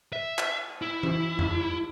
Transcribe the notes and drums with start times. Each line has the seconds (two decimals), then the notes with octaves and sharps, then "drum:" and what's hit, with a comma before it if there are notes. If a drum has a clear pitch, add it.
0.13 E5
0.38 drum: clap
0.82 E4
1.03 drum: tom E3
1.39 drum: tom F2